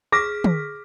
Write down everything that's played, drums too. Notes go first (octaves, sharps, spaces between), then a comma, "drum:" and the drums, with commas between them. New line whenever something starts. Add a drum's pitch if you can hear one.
G#4 D6 F6 A#6 B6
drum: tom